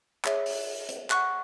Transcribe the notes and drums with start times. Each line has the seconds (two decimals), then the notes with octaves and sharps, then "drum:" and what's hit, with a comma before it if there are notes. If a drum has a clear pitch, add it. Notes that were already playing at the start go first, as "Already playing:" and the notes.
0.25 G#4 C#5 E5, drum: clap
0.46 drum: open hi-hat
0.89 drum: hi-hat
1.10 F#5 C#6 F#6, drum: clap